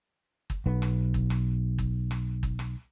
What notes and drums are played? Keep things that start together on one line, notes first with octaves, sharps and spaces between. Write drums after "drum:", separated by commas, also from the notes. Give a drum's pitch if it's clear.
drum: kick
B1 B3
drum: rim click
drum: kick
drum: rim click
drum: kick
drum: rim click
drum: kick
drum: rim click